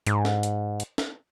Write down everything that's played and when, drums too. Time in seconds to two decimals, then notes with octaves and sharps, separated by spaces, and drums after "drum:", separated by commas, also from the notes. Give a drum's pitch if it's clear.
0.07 G#2, drum: hi-hat
0.25 drum: snare
0.43 drum: hi-hat
0.80 drum: hi-hat
0.98 drum: snare